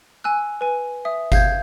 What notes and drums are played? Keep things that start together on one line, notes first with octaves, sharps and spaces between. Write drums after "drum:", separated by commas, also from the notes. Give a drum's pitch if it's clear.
G#5 E6 F#6
B4 G#5
E5 D#6
F5 G6 G#6, drum: kick G1, tambourine